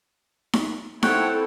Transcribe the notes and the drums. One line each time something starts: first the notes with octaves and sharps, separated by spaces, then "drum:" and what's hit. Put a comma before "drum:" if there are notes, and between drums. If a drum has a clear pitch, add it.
drum: snare D#4
C4 E4 A4 C#5 F#5 G5, drum: snare D#4